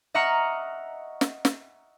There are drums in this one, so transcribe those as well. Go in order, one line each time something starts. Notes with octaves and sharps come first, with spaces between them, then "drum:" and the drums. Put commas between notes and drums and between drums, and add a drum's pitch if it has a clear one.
D#5 E5 F#5 A#5 C#6 F6
drum: snare
drum: snare